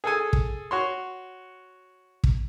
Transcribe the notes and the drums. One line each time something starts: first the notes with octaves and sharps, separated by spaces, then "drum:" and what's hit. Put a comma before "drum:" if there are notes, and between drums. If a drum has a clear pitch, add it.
G#4 A4 G#5
drum: kick
F#4 C#5 C6
drum: kick